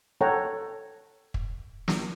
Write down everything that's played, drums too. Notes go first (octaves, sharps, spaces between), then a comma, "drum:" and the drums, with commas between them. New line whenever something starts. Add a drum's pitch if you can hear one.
A4 C#5 F#5 G5 A5 A#5
drum: kick
drum: snare